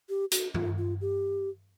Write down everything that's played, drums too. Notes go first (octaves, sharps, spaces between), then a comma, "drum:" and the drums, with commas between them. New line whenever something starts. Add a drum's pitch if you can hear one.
G4
F#4, drum: hi-hat
F4, drum: tom G2
F4
G4